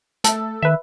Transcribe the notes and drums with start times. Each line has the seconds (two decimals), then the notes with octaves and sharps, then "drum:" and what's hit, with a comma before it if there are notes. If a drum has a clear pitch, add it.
0.24 A3 A4, drum: hi-hat
0.63 D#3 B4 E5